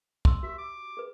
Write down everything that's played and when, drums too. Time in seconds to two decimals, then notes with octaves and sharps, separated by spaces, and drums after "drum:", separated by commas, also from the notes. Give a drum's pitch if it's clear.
0.25 C6 E6, drum: kick
0.43 F#4 G4 E5
0.58 D6
0.97 G#4 B4